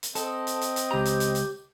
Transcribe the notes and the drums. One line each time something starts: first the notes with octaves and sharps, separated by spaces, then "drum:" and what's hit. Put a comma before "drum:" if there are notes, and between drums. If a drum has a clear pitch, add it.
drum: hi-hat
C4 A4 D#5, drum: hi-hat
drum: hi-hat
drum: hi-hat
drum: hi-hat
C#2 G4 A#5
drum: hi-hat
drum: hi-hat
drum: hi-hat